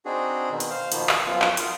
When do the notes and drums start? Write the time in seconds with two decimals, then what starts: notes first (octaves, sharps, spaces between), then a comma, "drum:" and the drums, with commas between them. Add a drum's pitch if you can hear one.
0.05 C4 D4 D#4 F#4 G#4
0.50 B2 D#3
0.60 drum: hi-hat
0.70 C5 F5
0.92 B2 D#3 F3 A#3 B3, drum: hi-hat
1.09 drum: clap
1.25 F#2 F3 B3 F4
1.42 drum: clap
1.57 F4 F5 D#6, drum: hi-hat